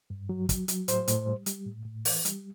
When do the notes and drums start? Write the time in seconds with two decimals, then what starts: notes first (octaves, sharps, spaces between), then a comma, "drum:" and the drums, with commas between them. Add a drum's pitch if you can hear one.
0.10 G2
0.29 F#3
0.49 F#3, drum: kick, hi-hat
0.68 F#3, drum: hi-hat
0.88 A2 C5, drum: hi-hat
1.08 A2, drum: hi-hat
1.27 G3
1.46 G3, drum: hi-hat
1.66 A2
1.85 A2
2.05 E3, drum: open hi-hat
2.25 G3, drum: hi-hat